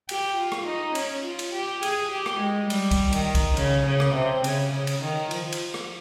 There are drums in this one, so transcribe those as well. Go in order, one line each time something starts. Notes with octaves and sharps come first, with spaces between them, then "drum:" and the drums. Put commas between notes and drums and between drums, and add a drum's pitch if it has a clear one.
G4, drum: cymbal
F4
drum: rim click
D#4
C#4, drum: cymbal
F4
drum: cymbal
G4
G#4, drum: cymbal
G4
drum: rim click
G#3
G3, drum: cymbal
drum: kick C2, cymbal
D#3, drum: cymbal
drum: kick C2, cymbal
C#3, drum: cymbal
C#3
drum: rim click
C3
C#3, drum: cymbal
C#3
drum: cymbal
D#3
F3, drum: cymbal
drum: cymbal
drum: rim click